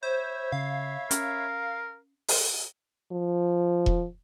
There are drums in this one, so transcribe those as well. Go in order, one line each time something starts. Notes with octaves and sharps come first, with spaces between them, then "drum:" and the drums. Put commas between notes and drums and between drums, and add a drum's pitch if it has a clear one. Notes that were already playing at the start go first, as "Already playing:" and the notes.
C5 C#5 E5 B5
C#3 F5
C#4 A#4, drum: hi-hat
drum: open hi-hat
F3
drum: kick E1